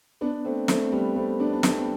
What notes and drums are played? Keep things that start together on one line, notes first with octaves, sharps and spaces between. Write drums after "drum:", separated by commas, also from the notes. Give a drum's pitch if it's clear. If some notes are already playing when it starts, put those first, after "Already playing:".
B3 D4
A3 C4
A3 C4, drum: snare
G3 B3
A3 C4
B3 D4
D4
A3 C4, drum: snare